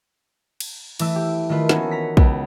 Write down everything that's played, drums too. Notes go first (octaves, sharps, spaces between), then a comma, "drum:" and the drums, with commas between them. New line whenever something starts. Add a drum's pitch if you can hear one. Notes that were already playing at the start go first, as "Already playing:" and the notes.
drum: cymbal
E3 A3 E6, drum: cymbal
G4
D#3 A3 F4 B4
A#3 B3 C#4 D#4 F#4, drum: snare
A#5 B6
C#2 B3, drum: kick A#1